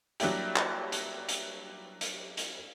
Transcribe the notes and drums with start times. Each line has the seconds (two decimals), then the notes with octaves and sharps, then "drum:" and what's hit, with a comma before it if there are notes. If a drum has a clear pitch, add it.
0.20 F#3 G3 A#3 D4 E4 G4, drum: hi-hat
0.56 drum: clap
0.92 drum: hi-hat
1.29 drum: hi-hat
2.01 drum: hi-hat
2.37 drum: hi-hat